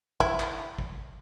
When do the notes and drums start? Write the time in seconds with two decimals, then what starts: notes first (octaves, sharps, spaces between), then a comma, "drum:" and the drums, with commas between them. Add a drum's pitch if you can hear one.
0.20 E4, drum: kick
0.40 drum: clap
0.79 drum: kick